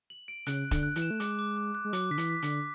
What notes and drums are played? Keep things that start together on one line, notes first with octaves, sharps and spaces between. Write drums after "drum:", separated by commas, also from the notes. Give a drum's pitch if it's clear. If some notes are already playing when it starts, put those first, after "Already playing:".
F#7
D7
C#3 F#6, drum: hi-hat
F#6
D3, drum: kick, hi-hat
F#6
E3, drum: hi-hat
E7
A3
G#3 D6, drum: hi-hat
D6
D6
F#6
G#3
F#3 D6, drum: hi-hat
D3 B6
E3, drum: hi-hat
B6
D3, drum: hi-hat
D6